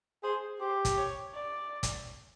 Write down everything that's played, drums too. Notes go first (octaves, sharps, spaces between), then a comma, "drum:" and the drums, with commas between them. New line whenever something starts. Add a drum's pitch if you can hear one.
G#4 C5
G4 C5
drum: kick, hi-hat
C#5
D5
drum: kick, hi-hat